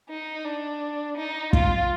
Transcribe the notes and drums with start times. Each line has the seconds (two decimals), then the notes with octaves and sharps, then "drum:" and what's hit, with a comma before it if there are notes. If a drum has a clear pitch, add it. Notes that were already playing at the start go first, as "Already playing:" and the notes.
0.09 D#4
0.44 D4
1.17 D#4
1.53 F4, drum: kick